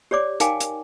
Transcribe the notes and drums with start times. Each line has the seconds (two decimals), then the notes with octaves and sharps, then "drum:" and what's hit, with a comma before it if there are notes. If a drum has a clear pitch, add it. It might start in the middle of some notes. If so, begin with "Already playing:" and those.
0.11 G4 C#5 D5 D6
0.40 D#4 A#4 F5 G5 G#5 D6, drum: hi-hat
0.60 drum: hi-hat